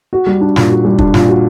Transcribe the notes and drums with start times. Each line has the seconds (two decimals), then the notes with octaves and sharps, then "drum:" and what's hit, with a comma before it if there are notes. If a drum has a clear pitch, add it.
0.13 F#4
0.27 G3
0.41 D4
0.56 A#2, drum: snare
0.70 F#4
0.85 G3
0.98 D4, drum: kick
1.14 A#2, drum: snare
1.28 F#4